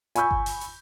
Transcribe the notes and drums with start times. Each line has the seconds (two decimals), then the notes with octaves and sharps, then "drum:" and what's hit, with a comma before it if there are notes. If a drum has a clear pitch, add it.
0.15 G#5 B5 C#6 E6 G6, drum: hi-hat
0.31 drum: kick G1
0.46 drum: open hi-hat
0.61 drum: hi-hat